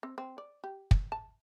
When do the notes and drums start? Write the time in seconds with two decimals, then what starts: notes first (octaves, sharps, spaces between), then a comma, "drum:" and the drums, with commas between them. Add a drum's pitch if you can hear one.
0.03 C4
0.18 C4
0.38 D5
0.64 G4
0.91 drum: kick
1.12 A5